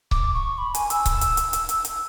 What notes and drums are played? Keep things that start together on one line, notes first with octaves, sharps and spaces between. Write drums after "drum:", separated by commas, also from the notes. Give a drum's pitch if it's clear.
D6, drum: kick C#1
C#6
B5
G#5, drum: hi-hat
E6, drum: hi-hat
drum: kick C#1, hi-hat
drum: hi-hat
drum: hi-hat
drum: hi-hat
drum: hi-hat
drum: hi-hat